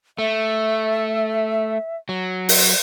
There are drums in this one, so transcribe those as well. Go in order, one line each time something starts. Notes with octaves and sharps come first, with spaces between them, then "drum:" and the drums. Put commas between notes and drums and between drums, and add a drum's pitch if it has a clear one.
A3 E5
F#3
drum: open hi-hat